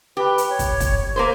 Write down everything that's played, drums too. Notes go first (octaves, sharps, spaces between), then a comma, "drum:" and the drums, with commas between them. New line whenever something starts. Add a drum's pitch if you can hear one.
G4 B4
drum: hi-hat
C#5
drum: kick, hi-hat
drum: kick, hi-hat
A#3 B4 C5